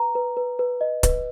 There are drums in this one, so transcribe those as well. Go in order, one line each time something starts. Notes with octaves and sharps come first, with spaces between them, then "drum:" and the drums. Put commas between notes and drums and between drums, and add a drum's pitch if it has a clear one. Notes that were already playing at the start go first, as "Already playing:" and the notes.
Already playing: B4 A#5
B4
B4
B4
D#5
B4, drum: kick C#1, hi-hat